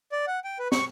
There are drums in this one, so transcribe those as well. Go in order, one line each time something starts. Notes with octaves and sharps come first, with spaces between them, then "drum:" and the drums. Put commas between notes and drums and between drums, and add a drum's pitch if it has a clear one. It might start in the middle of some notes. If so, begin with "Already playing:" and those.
D5
F#5
G5
B4
C#6, drum: snare